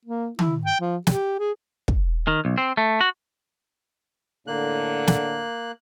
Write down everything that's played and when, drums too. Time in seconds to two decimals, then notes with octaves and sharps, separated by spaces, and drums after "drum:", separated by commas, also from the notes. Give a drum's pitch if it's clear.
0.05 A#3
0.39 E4, drum: tom D#3
0.65 G5
0.80 F3
1.07 G4, drum: snare
1.39 G#4
1.88 drum: kick
2.27 D#3
2.45 B1
2.58 C4
2.77 A3
3.01 F#4
4.47 A2 D3 A#3 F#6
5.07 drum: snare